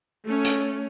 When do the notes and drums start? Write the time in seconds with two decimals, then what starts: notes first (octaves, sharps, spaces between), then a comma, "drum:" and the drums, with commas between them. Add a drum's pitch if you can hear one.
0.24 A3 C#4
0.45 drum: hi-hat